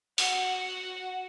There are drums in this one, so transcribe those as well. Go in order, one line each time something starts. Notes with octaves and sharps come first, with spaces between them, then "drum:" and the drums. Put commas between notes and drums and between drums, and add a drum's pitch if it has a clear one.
F#4 F#5, drum: open hi-hat